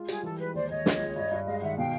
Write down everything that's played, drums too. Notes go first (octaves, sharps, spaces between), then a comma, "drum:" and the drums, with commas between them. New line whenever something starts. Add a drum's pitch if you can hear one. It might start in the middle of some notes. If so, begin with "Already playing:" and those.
Already playing: G#3 F4
G3 G#4, drum: hi-hat
E3 A4
G#3 B4
D#2 C5 D5
D#2 C#5 D#5
C#2, drum: snare
G#3
G2
G2
G#3 D#5 F5
D#3 E5 F#5
B2 F5 G5